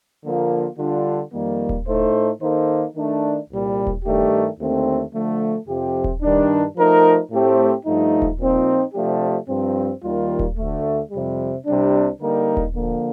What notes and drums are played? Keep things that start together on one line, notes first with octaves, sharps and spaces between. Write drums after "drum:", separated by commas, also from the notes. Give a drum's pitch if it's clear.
D3 F3 A#3 F4
D3 G3 D4 F4
F2 D#3 G3 A#3
drum: kick D#1
A2 A3 D#4 A4 C5
D#3 A#3 D#4 A4 C5
D#3 A3 D4
C2 A#2 G3
drum: kick D#1
G2 D#3 A3 D4 G4
D#2 D3 A3 C4
D3 F3 A3
F2 C3 F3 C4 G4
drum: kick D#1
G2 D#3 G3 D4
F3 A3 D#4 A#4
A2 A3 C4 G4 C5
G2 F3 A3 D#4
drum: kick D#1
A#2 F3 C4 D#4
C3 F3 A3 D4 G4
G2 F3 C4
D#2 D#3 G3 A#3 F4
drum: kick D#1
D2 D3 A3
F2 C3 G3
C2 C3 G3 D4
D3 G3 A#3 D#4 A#4
drum: kick D#1
D3 F3 A#3